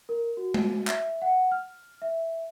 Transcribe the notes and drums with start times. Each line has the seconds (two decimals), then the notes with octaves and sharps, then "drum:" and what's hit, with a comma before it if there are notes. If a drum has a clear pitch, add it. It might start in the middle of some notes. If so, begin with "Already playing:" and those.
0.09 A#4
0.37 F#4
0.54 drum: tom G#3
0.87 E5, drum: clap
1.22 F#5
1.52 F6
2.02 E5